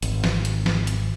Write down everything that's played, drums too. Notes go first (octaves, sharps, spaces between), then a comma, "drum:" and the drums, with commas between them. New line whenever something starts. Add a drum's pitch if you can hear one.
G#1, drum: hi-hat
drum: snare
drum: hi-hat
drum: snare
drum: hi-hat